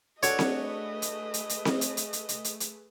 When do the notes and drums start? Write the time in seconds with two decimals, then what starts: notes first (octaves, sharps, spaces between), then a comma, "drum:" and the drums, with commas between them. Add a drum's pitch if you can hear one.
0.23 A3 D4 F#4 G#4 A4 B4 C#5 D#5, drum: hi-hat
0.39 drum: snare C4
1.02 drum: hi-hat
1.34 drum: hi-hat
1.49 drum: hi-hat
1.65 drum: snare C4
1.81 drum: hi-hat
1.97 drum: hi-hat
2.13 drum: hi-hat
2.29 drum: hi-hat
2.44 drum: hi-hat
2.60 drum: hi-hat